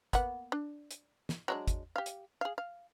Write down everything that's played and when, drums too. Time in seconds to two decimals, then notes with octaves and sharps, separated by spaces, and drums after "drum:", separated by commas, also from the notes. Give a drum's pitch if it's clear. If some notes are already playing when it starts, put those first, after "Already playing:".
0.13 A#3 B3 F#5, drum: kick, hi-hat
0.52 D4
0.91 drum: hi-hat
1.29 drum: snare
1.48 F#3 G#3 D4
1.68 drum: kick, hi-hat
1.96 G4 F5
2.06 drum: hi-hat
2.41 G#4 F5
2.58 F5